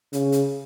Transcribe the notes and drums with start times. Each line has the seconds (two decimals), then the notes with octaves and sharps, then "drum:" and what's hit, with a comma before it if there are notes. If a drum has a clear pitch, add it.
0.13 C#3, drum: hi-hat
0.32 drum: hi-hat